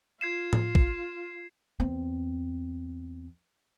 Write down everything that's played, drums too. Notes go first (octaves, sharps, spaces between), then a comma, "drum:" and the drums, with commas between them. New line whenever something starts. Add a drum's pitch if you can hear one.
F4 G#6 C7 E7
drum: tom A2
drum: kick
E2 C4